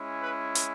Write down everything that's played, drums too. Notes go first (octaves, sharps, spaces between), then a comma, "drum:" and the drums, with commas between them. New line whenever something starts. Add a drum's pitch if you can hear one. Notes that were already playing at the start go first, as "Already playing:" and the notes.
Already playing: G#3 C#4 E4
B4
drum: hi-hat